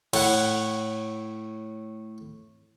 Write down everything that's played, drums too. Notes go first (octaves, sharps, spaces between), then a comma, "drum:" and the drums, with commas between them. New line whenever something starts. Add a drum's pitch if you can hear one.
A2 F#5, drum: cymbal